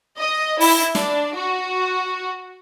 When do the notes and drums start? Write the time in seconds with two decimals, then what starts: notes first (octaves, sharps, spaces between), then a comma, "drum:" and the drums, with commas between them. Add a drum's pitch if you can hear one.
0.18 D#5
0.60 E4, drum: open hi-hat
0.95 D4, drum: snare
1.37 F#4